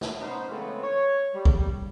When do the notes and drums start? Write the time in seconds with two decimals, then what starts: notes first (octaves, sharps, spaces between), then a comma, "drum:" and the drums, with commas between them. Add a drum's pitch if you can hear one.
0.01 drum: snare
0.20 B3 C#4 D#4 B4 C5
0.49 C#3 E3 G#3 A3 B3 C4
0.83 C#5
1.34 G3
1.45 drum: kick